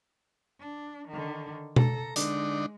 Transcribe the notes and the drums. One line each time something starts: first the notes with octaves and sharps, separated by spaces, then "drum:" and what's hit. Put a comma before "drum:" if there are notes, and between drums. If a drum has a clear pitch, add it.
D4
D3 D#3
A4 A#5, drum: tom B2
D3 G#3 D4 D#4, drum: hi-hat